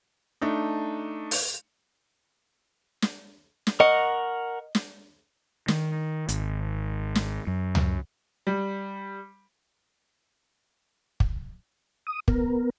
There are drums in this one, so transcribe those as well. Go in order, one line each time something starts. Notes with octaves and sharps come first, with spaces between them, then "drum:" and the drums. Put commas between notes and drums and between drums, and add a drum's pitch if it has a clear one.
A3 D4 D#4
drum: open hi-hat
drum: snare
drum: snare
A#4 D#5 F#5 C#6
drum: snare
D#3, drum: snare
G#1, drum: hi-hat
drum: snare
F#2
drum: tom C#2
G3
drum: kick
D#6
B3 A#4, drum: kick